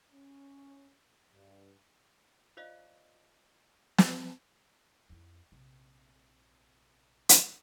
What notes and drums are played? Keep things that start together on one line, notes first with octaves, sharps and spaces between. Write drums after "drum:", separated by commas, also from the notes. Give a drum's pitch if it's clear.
C#4
G2
F4 C5 D5 D#5 F5
drum: snare
F2 E4
A#1 C3
drum: hi-hat